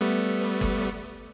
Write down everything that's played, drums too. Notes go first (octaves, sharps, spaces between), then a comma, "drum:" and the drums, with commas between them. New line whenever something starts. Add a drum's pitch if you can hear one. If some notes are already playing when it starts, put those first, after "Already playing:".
G3 A3 B3
drum: hi-hat
drum: kick, hi-hat
drum: hi-hat